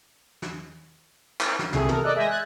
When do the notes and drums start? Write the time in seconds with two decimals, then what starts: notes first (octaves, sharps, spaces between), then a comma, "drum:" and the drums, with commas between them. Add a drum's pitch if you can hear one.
0.42 drum: snare
1.41 drum: clap
1.59 drum: snare
1.73 C2 C3 A3 G#4, drum: snare
1.89 A4 A#4, drum: tom
2.03 D5 D#5 E6 F#6
2.15 G#3 E5 G#5 G6 A#6
2.28 F#6 G#6 A6